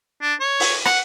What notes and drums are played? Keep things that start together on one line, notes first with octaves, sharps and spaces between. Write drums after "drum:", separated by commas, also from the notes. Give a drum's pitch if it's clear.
D4
C#5
drum: open hi-hat
F#5, drum: rim click